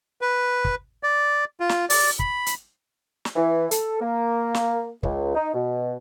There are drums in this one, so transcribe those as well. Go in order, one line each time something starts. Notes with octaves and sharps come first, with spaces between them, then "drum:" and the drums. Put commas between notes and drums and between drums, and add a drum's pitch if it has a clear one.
B4
drum: kick
D5
F4
drum: snare
D5, drum: open hi-hat
B5, drum: kick
drum: hi-hat
drum: snare
E3
A4, drum: hi-hat
A#3
drum: snare
C#2, drum: kick
D#4
B2